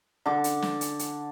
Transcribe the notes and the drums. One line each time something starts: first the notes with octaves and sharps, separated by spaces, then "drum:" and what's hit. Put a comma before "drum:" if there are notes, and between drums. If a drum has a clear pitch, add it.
D3 D6
drum: hi-hat
drum: snare
drum: hi-hat
drum: hi-hat